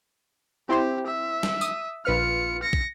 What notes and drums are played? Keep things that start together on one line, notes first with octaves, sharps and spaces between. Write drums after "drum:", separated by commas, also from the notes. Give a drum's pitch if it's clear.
C4 E4 G4 C5
E5
drum: snare
D#6, drum: tambourine
A#1 F4 B4 F6 C#7
A#6 C#7
drum: kick